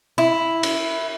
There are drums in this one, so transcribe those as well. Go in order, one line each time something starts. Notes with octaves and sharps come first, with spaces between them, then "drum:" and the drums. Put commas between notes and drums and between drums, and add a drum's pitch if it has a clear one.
E4
drum: cymbal